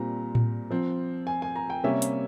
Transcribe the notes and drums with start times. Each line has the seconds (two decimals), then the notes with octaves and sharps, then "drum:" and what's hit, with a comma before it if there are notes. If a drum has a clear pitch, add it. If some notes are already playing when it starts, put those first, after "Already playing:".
Already playing: A#2 G3 C4 A#5
0.35 drum: tom A2
0.71 F3 C4
1.27 G#5
1.42 G#5
1.56 A#5
1.70 G5
1.84 C3 G3 A#3 C#4 E5
2.02 drum: hi-hat